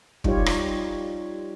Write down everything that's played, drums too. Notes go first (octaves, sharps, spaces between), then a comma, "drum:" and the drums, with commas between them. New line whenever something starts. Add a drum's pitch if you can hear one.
G3 D#4 F4 G4 C#5, drum: kick
drum: rim click